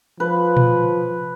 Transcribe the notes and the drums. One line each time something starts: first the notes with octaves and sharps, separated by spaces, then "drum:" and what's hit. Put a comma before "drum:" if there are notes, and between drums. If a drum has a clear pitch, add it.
F3 B4
drum: tom A#2